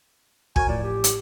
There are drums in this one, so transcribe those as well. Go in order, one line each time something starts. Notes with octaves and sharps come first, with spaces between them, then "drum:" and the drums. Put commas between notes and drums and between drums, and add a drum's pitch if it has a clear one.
F#4 A#4 C#5 G#5, drum: kick
A1 A2 F3 D5
G4
drum: hi-hat